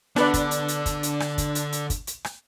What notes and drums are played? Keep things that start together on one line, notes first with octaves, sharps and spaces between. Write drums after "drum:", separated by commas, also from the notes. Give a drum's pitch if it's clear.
D3 B3 D4 B4 D5, drum: rim click
drum: kick, hi-hat
drum: hi-hat
drum: hi-hat
drum: kick, hi-hat
drum: hi-hat
drum: rim click
drum: kick, hi-hat
drum: hi-hat
drum: hi-hat
drum: kick, hi-hat
drum: hi-hat
drum: rim click